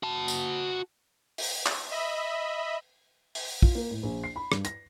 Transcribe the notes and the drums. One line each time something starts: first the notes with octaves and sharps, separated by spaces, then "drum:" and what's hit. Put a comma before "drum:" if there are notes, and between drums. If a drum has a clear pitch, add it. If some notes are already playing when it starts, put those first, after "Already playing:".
F#4 A5
drum: tambourine
drum: open hi-hat
drum: clap
D#5 E5 B5
drum: open hi-hat
F4, drum: kick
A#3
A2
A#1
C7
B5
G2, drum: rim click
A#6, drum: hi-hat